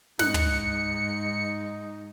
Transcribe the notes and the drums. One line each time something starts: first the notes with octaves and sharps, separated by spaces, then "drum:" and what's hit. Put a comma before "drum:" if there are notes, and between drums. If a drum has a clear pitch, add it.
G#2 D#4 F#6 C#7, drum: snare
drum: tom